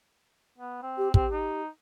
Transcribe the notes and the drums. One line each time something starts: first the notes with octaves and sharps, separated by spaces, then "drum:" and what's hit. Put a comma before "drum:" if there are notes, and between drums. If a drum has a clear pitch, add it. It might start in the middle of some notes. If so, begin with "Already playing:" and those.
B3
C4
G4
C4 G4, drum: kick
D#4